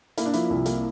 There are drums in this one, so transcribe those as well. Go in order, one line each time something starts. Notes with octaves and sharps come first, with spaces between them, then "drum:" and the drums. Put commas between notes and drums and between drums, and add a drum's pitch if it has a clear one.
A#3 E4, drum: hi-hat
D4
F3 E4, drum: hi-hat
C2
A#3, drum: hi-hat